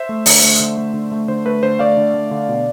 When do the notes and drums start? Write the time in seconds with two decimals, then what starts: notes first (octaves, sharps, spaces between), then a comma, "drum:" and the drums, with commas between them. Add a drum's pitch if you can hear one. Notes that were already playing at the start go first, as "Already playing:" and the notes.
Already playing: C5 E5
0.09 A3
0.26 D3, drum: open hi-hat
0.43 A3
0.60 D3
0.77 A3
0.94 D3
1.12 A3
1.28 D3 C5
1.46 A3 B4
1.62 D3 C5
1.79 A3 D5 F5
1.97 D3
2.14 A3
2.31 D3
2.49 B2